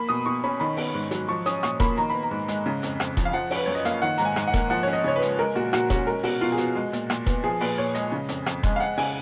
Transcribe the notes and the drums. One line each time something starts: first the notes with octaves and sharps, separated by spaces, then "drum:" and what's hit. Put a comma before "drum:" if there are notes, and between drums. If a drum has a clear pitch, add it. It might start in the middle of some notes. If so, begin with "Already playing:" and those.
Already playing: A#3 B5
B2 D#6
B2 C#6
C#4 B5
D#3 B5
B3, drum: open hi-hat
G#2
F#3, drum: hi-hat
F3 C#6
C#4 D#6, drum: hi-hat
A#2 C#6, drum: rim click
A#3 B5, drum: kick E1, hi-hat
D#3 A#5
B3 B5
A#5
G#2
G#3, drum: hi-hat
C#3
F2, drum: hi-hat
F2, drum: rim click
F3, drum: kick E1, hi-hat
F5
F3 F#5
C#4, drum: open hi-hat
B4
F#2 C#5
D#5
A#3 F5, drum: hi-hat
D#3 F#5
G#2 A#5, drum: hi-hat
G#5
G#2, drum: rim click
F#5
A#3, drum: kick E1, hi-hat
F3 F#5
C#4 C#5
D#5
C#3 C#5
B4
G#3, drum: hi-hat
G#3 A#4
A#2 F#4
A#2 F#4, drum: rim click
C#4 F#4, drum: kick E1, hi-hat
G#3 A#4
B2 F#4, drum: open hi-hat
B2 F4
G#4
B3 F#4, drum: hi-hat
G#3
A#2, drum: hi-hat
A#2, drum: rim click
B3, drum: kick E1, hi-hat
F3 G#4
A#2 B4, drum: open hi-hat
A#2 C#5
G#3 D#5, drum: hi-hat
C#3
F2, drum: hi-hat
F2, drum: rim click
G#3, drum: kick E1, hi-hat
F5
G#3 F#5
C#3 G#5, drum: open hi-hat